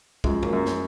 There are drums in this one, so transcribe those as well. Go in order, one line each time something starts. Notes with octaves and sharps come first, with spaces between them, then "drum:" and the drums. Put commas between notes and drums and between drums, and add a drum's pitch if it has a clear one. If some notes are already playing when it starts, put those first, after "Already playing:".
F#2 F3 G#3, drum: kick
F#3 A#3, drum: tom F#2
F#2
drum: snare